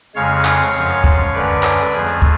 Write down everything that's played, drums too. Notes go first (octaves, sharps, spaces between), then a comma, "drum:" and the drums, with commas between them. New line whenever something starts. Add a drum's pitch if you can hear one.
F2 C#3 G#3 C#5 F5
drum: clap
F#2 F3 G#3
drum: kick
F#2 D3 G#3 B4 D5
drum: clap
F2 F3 A3 G#4
drum: kick